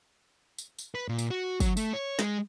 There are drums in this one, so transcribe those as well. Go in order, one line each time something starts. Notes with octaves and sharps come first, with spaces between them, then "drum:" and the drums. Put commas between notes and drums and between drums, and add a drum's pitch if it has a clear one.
drum: tambourine
drum: tambourine
B4
A#2
drum: tambourine
F#4
F#3, drum: kick, tambourine
A3, drum: tambourine
C#5
G#3, drum: snare